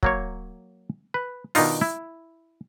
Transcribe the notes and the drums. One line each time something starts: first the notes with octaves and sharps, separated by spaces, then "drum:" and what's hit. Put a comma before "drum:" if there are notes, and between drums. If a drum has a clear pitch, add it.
F#3 A#3 C#5, drum: kick
B4
B2 D#3 D4 D#4 F4, drum: open hi-hat
E4